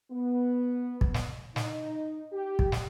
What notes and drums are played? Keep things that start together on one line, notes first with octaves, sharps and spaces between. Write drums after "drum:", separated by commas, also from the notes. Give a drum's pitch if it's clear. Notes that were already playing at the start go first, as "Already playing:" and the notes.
B3
drum: kick
drum: snare
D#4, drum: snare
G4
drum: kick
drum: snare